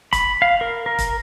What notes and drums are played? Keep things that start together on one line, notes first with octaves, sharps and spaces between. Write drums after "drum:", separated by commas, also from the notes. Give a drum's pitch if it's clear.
B5, drum: kick, hi-hat
F5
A#4
A#4
drum: kick, hi-hat